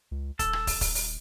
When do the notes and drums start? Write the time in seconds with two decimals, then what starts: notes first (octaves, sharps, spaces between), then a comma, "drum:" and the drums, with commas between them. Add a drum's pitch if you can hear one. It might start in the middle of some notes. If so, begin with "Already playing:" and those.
0.11 C#2
0.39 D#1 A4, drum: kick, hi-hat
0.53 drum: rim click
0.67 drum: kick, open hi-hat
0.81 drum: kick, open hi-hat
0.95 drum: open hi-hat